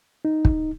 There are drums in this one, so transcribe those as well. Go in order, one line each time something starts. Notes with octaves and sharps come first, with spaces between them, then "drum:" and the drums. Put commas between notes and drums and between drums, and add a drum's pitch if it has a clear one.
D#4
drum: kick